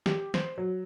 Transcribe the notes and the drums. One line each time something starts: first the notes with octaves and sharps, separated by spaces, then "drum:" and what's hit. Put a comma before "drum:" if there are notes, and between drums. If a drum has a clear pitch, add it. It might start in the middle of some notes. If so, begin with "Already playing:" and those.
G4, drum: snare
C5, drum: snare
F#3